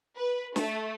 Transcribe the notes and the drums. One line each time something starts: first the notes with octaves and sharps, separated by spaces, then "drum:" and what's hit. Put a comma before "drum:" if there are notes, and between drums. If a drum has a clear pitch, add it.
B4
A3, drum: snare